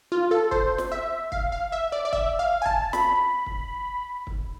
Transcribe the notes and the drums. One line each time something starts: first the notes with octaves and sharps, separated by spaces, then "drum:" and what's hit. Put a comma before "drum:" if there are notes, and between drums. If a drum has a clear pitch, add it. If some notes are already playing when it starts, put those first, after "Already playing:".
F4
A4
C5, drum: kick
drum: snare
E5
F5, drum: kick
F5
E5
D5
D5
E5, drum: kick
F5
G#5
A5, drum: kick
B5, drum: snare
drum: kick
drum: kick